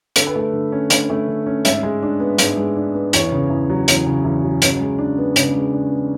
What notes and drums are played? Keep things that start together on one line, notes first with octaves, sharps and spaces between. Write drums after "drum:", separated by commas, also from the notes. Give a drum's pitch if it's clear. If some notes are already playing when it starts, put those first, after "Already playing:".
D3 A4, drum: hi-hat
B4
A3 A4
D3
C#4
D3, drum: hi-hat
A3
D3
C#4
G#2 E5, drum: hi-hat
G#3
D4
B3
G#2, drum: hi-hat
G#3
D4
B3
E2 C#5, drum: hi-hat
C#3
E2
F#3
E2, drum: hi-hat
C#3
E2
F#3
C#3, drum: hi-hat
G#3
D4
B3
C#3, drum: hi-hat
G#3
D4
B3